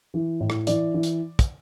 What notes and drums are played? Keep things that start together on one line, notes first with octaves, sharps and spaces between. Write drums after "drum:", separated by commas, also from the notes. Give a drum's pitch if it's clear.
E3
A2
drum: rim click
E3 D5, drum: hi-hat
E3
drum: hi-hat
drum: kick, hi-hat